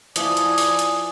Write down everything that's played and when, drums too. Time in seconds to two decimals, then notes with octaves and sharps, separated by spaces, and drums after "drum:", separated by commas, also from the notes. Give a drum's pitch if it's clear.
0.16 F3 E4 F4 D5 G#5 D#6, drum: hi-hat
0.37 drum: hi-hat
0.58 drum: open hi-hat
0.79 drum: hi-hat